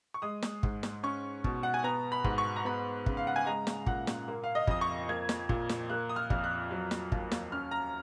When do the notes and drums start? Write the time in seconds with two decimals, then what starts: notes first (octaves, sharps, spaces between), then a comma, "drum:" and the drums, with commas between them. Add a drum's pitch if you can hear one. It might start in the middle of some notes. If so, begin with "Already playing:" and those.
0.14 C#6
0.22 G#3 D#6
0.42 drum: snare
0.63 G#2, drum: kick
0.83 drum: snare
1.03 C#4 C#6
1.44 B2, drum: kick
1.63 F#5
1.74 G#5
1.84 B3 A#5
2.12 B5
2.24 G#2, drum: kick
2.38 C#6
2.56 A#5
2.65 B3 B5
3.06 C#3, drum: kick
3.17 F5
3.27 F#5
3.36 G#5
3.46 G#3 A#5
3.67 drum: snare
3.86 A#2 F#5, drum: kick
4.07 drum: snare
4.28 A#3
4.44 F5
4.55 D#5
4.67 F2 D#6, drum: kick
4.81 C#6
5.09 A#3 G#6
5.29 drum: snare
5.49 A#2, drum: kick
5.69 drum: snare
5.90 A#3 F#6
6.09 D#6
6.16 F6
6.30 F2, drum: kick
6.44 F#6
6.71 F#3
6.91 drum: snare
7.12 D#2, drum: kick
7.32 drum: snare
7.52 C#4 F6
7.71 A#5